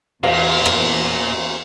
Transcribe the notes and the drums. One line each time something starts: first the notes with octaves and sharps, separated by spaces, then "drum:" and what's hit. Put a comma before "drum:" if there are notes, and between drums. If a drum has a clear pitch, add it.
E2 A#2 A#3 C#4 C5 F5, drum: cymbal
drum: rim click